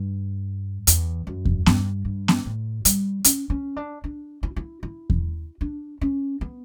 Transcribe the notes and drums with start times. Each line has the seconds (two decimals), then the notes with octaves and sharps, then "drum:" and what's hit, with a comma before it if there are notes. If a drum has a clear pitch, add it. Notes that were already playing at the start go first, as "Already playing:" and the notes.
Already playing: G2
0.87 E2, drum: hi-hat
1.27 F#2
1.45 drum: kick E2
1.66 G2, drum: snare B3
2.05 G2
2.28 drum: snare B3
2.45 A2
2.85 G3, drum: hi-hat
3.24 C#4, drum: hi-hat
3.50 C#4
3.76 D4
4.04 D4
4.43 E4
4.56 E4
4.83 E4
5.10 drum: kick E2
5.61 D4
6.01 C#4
6.41 B3